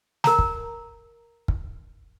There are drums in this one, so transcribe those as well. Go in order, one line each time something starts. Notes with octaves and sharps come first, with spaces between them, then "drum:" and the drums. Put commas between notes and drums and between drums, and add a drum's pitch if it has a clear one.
A#4 A#5, drum: snare
drum: kick
drum: kick